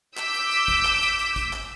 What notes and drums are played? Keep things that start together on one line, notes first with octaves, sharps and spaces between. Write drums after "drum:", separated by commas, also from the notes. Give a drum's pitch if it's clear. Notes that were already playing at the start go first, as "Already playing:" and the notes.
D6 E6 G6 B6 D7, drum: clap
drum: hi-hat
drum: hi-hat
drum: kick G#1, hi-hat
drum: clap
drum: hi-hat
drum: hi-hat
drum: kick G#1, hi-hat
drum: clap